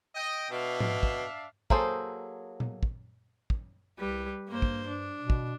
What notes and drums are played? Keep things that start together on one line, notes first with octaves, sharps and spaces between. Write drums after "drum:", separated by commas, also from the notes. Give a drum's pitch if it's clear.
D#5 G5
B2 D4 E5 F5
drum: tom G#2
drum: kick
F#3 A#3 G#4 A4 C5, drum: kick
drum: tom A#2
drum: kick
drum: kick
C2 G3 B4
G2 A#3 C5
drum: kick
D4
B2
drum: kick